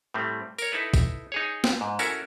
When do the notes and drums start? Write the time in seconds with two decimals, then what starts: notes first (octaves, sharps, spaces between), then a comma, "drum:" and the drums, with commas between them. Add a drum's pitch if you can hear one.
0.14 A2 G3 A3 C4
0.58 A#4 C#5, drum: tambourine
0.72 D#4 E4 A4 B4
0.94 drum: kick, tambourine
1.32 D#4 G#4 C#5
1.64 drum: snare
1.81 G#2
1.99 C#4 E4 F#4 A4 A#4, drum: tambourine